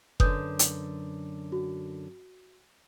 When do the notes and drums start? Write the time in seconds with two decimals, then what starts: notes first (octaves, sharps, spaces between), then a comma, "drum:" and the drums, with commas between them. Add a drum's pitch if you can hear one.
0.20 F#2 D3 B4 D#6 G6, drum: kick F#1
0.59 drum: hi-hat
1.52 F#4